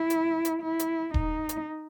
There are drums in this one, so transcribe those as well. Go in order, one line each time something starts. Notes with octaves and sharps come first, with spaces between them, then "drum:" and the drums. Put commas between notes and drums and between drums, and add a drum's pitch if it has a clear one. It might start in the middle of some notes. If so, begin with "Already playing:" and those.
Already playing: E4
drum: hi-hat
drum: hi-hat
E4
drum: hi-hat
D#4, drum: kick D#1
drum: hi-hat